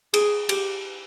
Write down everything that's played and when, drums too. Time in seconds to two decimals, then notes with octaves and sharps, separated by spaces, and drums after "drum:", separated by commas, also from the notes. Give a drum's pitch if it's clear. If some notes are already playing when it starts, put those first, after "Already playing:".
0.14 G#4, drum: cymbal
0.49 G4, drum: cymbal